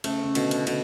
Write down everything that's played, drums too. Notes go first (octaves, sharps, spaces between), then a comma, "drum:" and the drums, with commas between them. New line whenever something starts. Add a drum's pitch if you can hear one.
C#3 A3, drum: cymbal
C#3
B2 D3, drum: cymbal
drum: cymbal
B2 D3, drum: cymbal